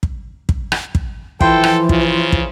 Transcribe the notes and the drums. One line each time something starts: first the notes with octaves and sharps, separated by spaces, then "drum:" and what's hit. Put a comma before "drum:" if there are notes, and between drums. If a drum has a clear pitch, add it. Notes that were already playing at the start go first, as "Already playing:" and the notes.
drum: kick
drum: kick
drum: rim click
drum: kick
E3 F3 E4 A4 C5 G5, drum: kick
drum: rim click
C#3 F4, drum: kick
drum: kick